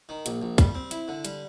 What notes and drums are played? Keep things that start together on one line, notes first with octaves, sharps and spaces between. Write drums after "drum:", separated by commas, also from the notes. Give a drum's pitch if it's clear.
D#3
A#1, drum: hi-hat
A#1
G3, drum: kick, hi-hat
C4
E4, drum: hi-hat
D3
G3, drum: hi-hat